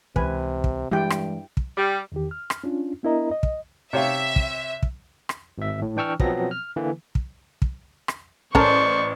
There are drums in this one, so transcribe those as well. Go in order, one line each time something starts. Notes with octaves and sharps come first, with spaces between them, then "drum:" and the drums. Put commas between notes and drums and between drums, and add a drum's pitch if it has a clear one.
C#2 C3 E3 B4 G#5, drum: kick
drum: kick
G2 E3 G#3 E4 G4 G5
drum: rim click
drum: kick
G3
E2 D#3 G4
F6
drum: rim click
C#4 D4 F4
B3 D4 E4 A#4 D#5 A#5
D#5
drum: kick
C3 C#5 E5 F5
drum: kick
drum: kick
drum: rim click
G#1 E5
A2
E3 D4 G5 C#6 E6 F6
B2 F3 F#3 B3 C4 A#6, drum: kick
F6
D3 E3 A#3
drum: kick
drum: kick
drum: rim click
A1 C#4 A4 A#4 C5 D5 C#6, drum: kick